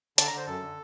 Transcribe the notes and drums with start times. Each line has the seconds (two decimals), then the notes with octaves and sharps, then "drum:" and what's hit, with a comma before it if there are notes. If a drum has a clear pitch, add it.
0.18 D3 A5, drum: hi-hat
0.27 A#5
0.32 D3 C5
0.47 F#2 A4
0.61 D3